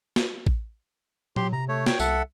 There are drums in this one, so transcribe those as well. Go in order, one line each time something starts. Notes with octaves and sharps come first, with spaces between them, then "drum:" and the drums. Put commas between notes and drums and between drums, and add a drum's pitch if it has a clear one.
drum: snare
drum: kick A1
F#3 G4 C6, drum: tom A#2
C3 A#5
A3 C#5
C#5 G5, drum: snare
C2 A4 E5 F#5, drum: tambourine